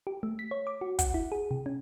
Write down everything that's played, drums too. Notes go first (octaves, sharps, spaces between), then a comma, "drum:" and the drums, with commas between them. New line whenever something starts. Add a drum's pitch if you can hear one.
G4
A3
B6
C#5
D6
F#4
F#5, drum: kick, hi-hat
E4
G#4
C3
C#4